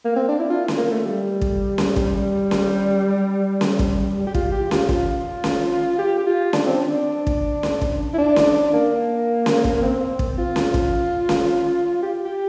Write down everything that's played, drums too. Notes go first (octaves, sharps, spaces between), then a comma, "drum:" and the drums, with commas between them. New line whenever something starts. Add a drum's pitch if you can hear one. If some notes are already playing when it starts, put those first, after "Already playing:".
A#3
C4
D4
E4
F4
drum: snare C#4
A#3
A3
G3
drum: kick
drum: snare C#4
drum: kick
G3
drum: snare C#4
drum: snare C#4
drum: kick
G4
F4, drum: kick
G4
F4, drum: snare C#4
F4, drum: kick
drum: snare C#4
G4
G4
F4
D4, drum: snare C#4
C4
D4
drum: kick
drum: snare C#4
drum: kick
E4
D4
drum: snare C#4
A#3
drum: snare C#4
drum: kick
A#3
C4
drum: kick
F4
drum: snare C#4
drum: kick
drum: snare C#4
G4
G4